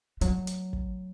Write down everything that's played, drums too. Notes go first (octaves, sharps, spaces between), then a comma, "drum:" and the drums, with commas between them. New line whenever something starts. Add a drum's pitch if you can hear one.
F#3 A3, drum: hi-hat
drum: hi-hat
drum: kick